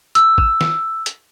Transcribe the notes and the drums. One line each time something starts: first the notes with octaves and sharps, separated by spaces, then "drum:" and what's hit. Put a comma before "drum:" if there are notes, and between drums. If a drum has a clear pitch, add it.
E6, drum: hi-hat
drum: kick
drum: snare
drum: hi-hat